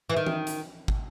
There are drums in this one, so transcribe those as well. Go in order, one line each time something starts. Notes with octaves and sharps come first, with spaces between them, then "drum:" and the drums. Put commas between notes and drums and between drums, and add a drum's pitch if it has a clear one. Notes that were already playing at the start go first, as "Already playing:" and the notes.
E3
D#3
drum: tom E3
drum: hi-hat
drum: kick